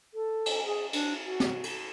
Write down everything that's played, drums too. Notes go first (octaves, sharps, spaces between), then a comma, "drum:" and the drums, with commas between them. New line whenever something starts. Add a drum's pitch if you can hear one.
A4
drum: cymbal
G#4
D4, drum: cymbal
F#4
drum: snare
drum: cymbal